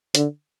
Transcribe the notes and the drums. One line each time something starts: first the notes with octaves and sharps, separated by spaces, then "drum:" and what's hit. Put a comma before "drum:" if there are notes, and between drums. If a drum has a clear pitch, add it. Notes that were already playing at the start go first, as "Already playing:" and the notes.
D3, drum: hi-hat